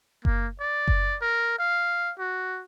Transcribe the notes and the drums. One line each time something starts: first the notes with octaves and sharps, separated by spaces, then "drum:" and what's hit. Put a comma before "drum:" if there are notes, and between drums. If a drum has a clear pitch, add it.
A#3, drum: kick F#1
D5
drum: kick F#1
A#4
F5
F#4